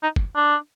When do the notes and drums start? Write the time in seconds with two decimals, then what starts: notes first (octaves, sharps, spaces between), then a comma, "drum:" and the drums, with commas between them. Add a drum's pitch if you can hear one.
0.03 D#4
0.16 drum: kick
0.36 D4